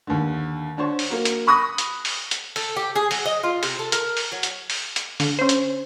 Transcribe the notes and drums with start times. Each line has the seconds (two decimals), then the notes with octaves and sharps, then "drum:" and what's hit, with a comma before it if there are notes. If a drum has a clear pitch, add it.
0.07 D#2 D3
0.77 D3 D4 C5 C#5
0.99 drum: open hi-hat
1.10 F#3 A#3
1.25 drum: hi-hat
1.47 B5 C#6 D#6 F#6 A#6
1.78 drum: hi-hat
2.05 drum: open hi-hat
2.31 drum: hi-hat
2.56 A4, drum: open hi-hat
2.76 G4
2.96 G#4
3.11 F#3, drum: open hi-hat
3.26 D#5
3.43 F4
3.63 C3, drum: open hi-hat
3.79 A4
3.92 A#4, drum: hi-hat
4.17 drum: open hi-hat
4.32 F#3
4.43 drum: hi-hat
4.70 drum: open hi-hat
4.96 drum: hi-hat
5.20 D3, drum: open hi-hat
5.39 C#4 C5
5.49 drum: hi-hat